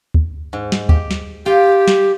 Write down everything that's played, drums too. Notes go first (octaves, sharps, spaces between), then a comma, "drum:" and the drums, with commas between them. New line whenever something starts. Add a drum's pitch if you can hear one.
drum: kick D2
G#2
drum: snare
G4, drum: kick D2
drum: snare
F4 G4 F5 G5
drum: snare